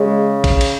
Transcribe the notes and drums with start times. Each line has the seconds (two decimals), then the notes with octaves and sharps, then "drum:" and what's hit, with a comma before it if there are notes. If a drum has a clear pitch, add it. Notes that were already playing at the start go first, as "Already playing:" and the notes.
Already playing: C#3 G#3
0.44 drum: kick A1, cymbal
0.61 drum: cymbal